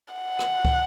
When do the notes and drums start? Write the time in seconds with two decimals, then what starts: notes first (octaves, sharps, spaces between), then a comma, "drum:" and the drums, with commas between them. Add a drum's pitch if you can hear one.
0.14 F#5
0.39 drum: rim click
0.65 drum: kick